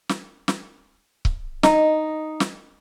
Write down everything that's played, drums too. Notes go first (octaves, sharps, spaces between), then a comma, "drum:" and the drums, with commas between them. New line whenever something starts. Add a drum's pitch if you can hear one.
drum: snare
drum: snare
drum: kick C#1
D#4, drum: snare
drum: snare